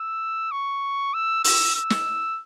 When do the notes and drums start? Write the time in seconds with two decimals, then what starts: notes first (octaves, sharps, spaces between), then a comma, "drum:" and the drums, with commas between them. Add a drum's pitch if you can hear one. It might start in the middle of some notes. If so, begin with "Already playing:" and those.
Already playing: E6
0.51 C#6
1.14 E6
1.44 E6, drum: open hi-hat
1.75 E6
1.90 drum: snare